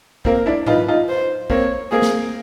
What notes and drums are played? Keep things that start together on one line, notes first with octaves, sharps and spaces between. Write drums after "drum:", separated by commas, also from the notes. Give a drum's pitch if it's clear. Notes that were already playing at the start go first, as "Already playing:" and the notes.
A#3 C4 A#4, drum: kick
D4 E4
D#4 F4 B4, drum: tom G#2
D#4 F4
C5
A#3 C4 C#5, drum: kick
A#3 C4 G#4
drum: snare